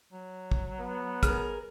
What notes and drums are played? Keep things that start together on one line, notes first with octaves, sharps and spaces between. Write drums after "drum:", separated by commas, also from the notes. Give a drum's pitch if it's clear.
F#3
drum: kick
B3
G#4 A#4 F6, drum: kick, hi-hat